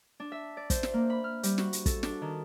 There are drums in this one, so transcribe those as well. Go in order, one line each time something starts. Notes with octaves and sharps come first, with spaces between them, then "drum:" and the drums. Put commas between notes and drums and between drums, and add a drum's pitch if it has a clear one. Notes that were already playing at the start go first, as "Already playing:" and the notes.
D4
E5
D5
C5, drum: kick, hi-hat
drum: snare
A#3
B5
F6
G3, drum: hi-hat
F#4, drum: snare
drum: hi-hat
A4, drum: kick, hi-hat
D4, drum: snare
D#3